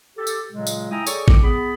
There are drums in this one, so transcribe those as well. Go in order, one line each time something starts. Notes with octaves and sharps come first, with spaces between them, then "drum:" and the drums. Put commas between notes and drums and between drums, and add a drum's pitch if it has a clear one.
G4 A4
drum: tambourine
A#2 C#3 F#3 G#3
drum: tambourine
E4 E5 G5 G#5 A#5 D#6
G#4 A4 C#5 D5 C#6, drum: tambourine
A4 G5 C#6 D6, drum: kick
B3 G#4 B5